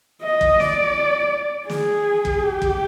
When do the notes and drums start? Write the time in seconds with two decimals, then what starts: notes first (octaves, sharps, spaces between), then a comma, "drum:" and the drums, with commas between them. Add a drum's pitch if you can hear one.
0.22 D#5
0.41 drum: kick
0.60 D5, drum: snare
1.70 G#4, drum: snare
2.25 drum: kick
2.43 G4
2.62 drum: kick